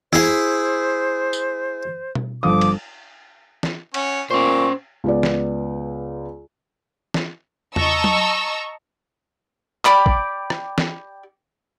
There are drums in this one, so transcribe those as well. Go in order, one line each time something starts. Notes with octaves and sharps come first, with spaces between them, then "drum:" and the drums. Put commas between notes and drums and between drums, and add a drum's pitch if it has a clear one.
E4 G#4 C5 E5, drum: snare
drum: tambourine
drum: tom B2
G1 F3 D6 D#6
drum: cymbal
drum: snare
C#4 C#5 F#5, drum: cymbal
A#2 C#4 C5 C#6 D6
C#2 B3 D5
drum: snare
drum: snare
D#5 A5 A#5 C#6 E6, drum: tom E2
drum: tom F#3
G4 D5 B5 D6, drum: clap
drum: kick
drum: rim click
drum: snare